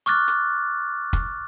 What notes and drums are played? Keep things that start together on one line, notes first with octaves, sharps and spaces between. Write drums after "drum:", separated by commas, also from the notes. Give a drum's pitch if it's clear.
C#6 D6 F6 F#6 A6
drum: hi-hat
drum: kick, hi-hat